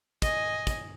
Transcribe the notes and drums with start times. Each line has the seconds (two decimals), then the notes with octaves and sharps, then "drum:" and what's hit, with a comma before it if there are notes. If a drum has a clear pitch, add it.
0.22 D#5 G#5, drum: kick, hi-hat
0.67 drum: kick, hi-hat